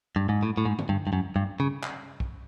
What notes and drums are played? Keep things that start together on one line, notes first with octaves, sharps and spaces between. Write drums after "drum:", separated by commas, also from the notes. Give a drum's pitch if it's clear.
G2
G#2
A2
A2
G#2
drum: tom D3
G2
G2
F#2
G2
C#3
drum: clap
drum: kick